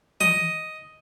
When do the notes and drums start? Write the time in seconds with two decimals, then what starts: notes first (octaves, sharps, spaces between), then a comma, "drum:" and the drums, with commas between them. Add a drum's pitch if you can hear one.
0.21 D#5, drum: tom